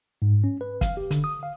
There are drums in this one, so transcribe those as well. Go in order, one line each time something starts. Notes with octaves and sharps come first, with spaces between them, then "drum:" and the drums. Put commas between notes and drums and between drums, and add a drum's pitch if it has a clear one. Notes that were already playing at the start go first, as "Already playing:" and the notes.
G#2
C#4
B4
F5, drum: kick, hi-hat
G4
D3, drum: hi-hat
D#6
F5